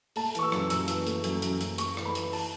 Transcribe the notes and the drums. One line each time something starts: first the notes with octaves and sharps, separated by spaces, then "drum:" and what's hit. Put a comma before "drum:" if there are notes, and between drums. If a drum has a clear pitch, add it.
A3 A5, drum: open hi-hat
E3 C#6, drum: hi-hat
E6
F#2, drum: rim click
F#2 E6, drum: hi-hat
E3, drum: hi-hat
A3, drum: hi-hat
F#2, drum: hi-hat
F#2, drum: hi-hat
F#2, drum: hi-hat
A3 C#6, drum: hi-hat
E3, drum: rim click
B5
E3, drum: hi-hat
A5, drum: open hi-hat